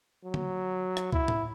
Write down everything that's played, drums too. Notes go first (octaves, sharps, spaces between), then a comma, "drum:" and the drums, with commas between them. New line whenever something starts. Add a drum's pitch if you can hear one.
F#3
drum: tom D3
drum: rim click
E4, drum: kick C#2
drum: tom A2